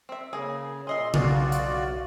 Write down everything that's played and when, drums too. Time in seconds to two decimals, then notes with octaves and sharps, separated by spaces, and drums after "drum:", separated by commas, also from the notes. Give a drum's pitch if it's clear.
0.09 C4 E5
0.33 C#3 A#3 G#4
0.87 A#2 G#4 D#5 E5 C6
1.14 B1 F4 F#4 G#4 D5, drum: tom C#3
1.52 drum: hi-hat